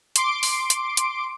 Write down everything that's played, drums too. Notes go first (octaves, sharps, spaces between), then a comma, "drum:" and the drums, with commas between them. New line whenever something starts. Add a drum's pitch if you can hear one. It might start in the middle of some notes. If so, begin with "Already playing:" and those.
C6 D6 D7, drum: hi-hat
drum: open hi-hat
drum: hi-hat
drum: hi-hat